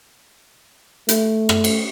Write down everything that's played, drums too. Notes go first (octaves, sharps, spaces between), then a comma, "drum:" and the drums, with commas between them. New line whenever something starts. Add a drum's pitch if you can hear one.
A3, drum: hi-hat
drum: rim click
drum: cymbal